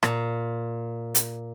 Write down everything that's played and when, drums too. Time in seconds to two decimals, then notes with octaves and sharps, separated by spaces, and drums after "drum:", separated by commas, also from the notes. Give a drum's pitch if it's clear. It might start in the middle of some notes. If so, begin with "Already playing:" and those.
0.03 A#2, drum: rim click
1.15 drum: hi-hat